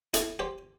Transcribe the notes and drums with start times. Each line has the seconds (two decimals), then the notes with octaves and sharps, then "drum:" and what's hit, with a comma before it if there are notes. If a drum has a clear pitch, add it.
0.14 E4 A4, drum: hi-hat
0.39 G4 C5